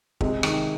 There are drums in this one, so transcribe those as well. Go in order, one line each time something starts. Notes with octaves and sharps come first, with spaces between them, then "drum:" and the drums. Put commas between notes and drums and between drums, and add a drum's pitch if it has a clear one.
C3 G#3, drum: kick
D#3, drum: rim click